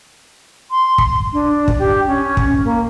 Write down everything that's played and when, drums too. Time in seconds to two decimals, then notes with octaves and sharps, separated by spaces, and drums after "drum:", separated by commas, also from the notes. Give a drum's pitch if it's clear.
0.71 C6
0.98 drum: kick
1.33 D4
1.68 drum: kick
1.79 G4
2.07 C#4
2.37 drum: kick
2.64 A#3